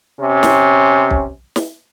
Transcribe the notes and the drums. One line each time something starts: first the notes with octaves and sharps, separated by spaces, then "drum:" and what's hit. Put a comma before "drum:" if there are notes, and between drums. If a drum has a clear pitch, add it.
C3 C#4
drum: snare
drum: kick B1
drum: snare